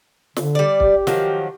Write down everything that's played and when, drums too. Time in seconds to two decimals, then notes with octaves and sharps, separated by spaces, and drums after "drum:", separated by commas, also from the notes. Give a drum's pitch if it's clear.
0.36 D3, drum: snare
0.55 G3 D5
0.80 G4, drum: kick
1.07 D#3 F3 F#3, drum: snare